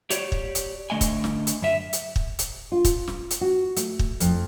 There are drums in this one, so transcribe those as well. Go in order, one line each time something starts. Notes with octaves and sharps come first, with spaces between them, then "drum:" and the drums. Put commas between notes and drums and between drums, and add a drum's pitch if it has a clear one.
G4 C#5 D5, drum: hi-hat
drum: kick
drum: hi-hat
D3 A3 D#5 G#5
drum: kick, hi-hat
drum: snare
drum: hi-hat
F#2 E5
drum: hi-hat
drum: kick
drum: hi-hat
F4
drum: kick, hi-hat
drum: snare
drum: hi-hat
F#4
A3, drum: hi-hat
drum: kick
F2, drum: hi-hat